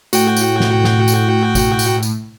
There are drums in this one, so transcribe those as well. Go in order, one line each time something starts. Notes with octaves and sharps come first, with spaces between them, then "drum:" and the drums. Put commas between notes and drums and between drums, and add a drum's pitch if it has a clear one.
A2 F#4 G5, drum: tambourine
drum: tambourine
drum: snare
drum: snare
drum: tambourine
drum: kick G#1, tambourine
drum: tambourine
drum: tambourine